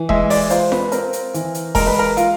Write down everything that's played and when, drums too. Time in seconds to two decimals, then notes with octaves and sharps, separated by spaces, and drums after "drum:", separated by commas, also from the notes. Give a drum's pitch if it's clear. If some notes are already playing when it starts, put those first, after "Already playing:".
Already playing: E3
0.09 G#3 E5, drum: kick E1
0.30 D5, drum: open hi-hat
0.50 F4 C5, drum: hi-hat
0.72 B4, drum: snare F4
0.92 C4 A#4, drum: hi-hat
1.13 drum: hi-hat
1.34 E3, drum: hi-hat
1.54 drum: hi-hat
1.75 G#3 A#4, drum: kick E1, open hi-hat
1.87 B4
1.99 A#4
2.17 F4, drum: hi-hat